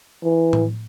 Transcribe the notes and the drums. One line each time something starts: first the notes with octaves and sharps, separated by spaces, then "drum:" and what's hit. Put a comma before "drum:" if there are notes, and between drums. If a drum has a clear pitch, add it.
E3
drum: tom A2